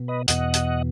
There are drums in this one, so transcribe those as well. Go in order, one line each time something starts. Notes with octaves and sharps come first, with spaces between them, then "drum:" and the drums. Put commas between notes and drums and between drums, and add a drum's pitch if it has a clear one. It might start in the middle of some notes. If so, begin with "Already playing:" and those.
Already playing: B2
B4 D#5
E2 B2 D#5 F#5, drum: hi-hat
drum: hi-hat